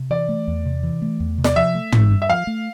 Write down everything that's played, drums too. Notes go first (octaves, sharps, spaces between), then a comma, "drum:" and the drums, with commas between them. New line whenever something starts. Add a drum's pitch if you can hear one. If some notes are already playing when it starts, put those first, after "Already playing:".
Already playing: C3
E3 D5
A3
E2
C3
E3
A3
E2
C3
D5, drum: snare
F3 E5
A3
G1, drum: tom
G2
E5
F3 F5
A3